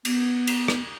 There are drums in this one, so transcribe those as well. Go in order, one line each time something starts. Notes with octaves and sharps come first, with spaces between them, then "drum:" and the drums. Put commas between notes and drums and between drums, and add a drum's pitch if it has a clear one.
B3, drum: cymbal
drum: cymbal
drum: rim click